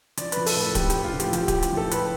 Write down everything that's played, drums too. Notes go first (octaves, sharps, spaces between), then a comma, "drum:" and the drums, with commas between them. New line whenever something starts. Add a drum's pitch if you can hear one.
F3 D5, drum: hi-hat
F3 B4, drum: hi-hat
A4, drum: open hi-hat
A2 A4
F3 G4, drum: kick, hi-hat
A2 G4, drum: hi-hat
F4
F3
G4, drum: hi-hat
F3 G4, drum: hi-hat
A2 G4, drum: kick, hi-hat
drum: hi-hat
F3 A4
A2 B4, drum: hi-hat